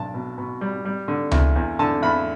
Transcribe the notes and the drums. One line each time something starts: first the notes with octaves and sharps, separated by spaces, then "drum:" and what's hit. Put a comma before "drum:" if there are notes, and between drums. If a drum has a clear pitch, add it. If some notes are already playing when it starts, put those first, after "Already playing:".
Already playing: B1 D4 A5
B2
B2
G3
G3
D3
E2, drum: tom C#2
E2
D3 A5
E2 B5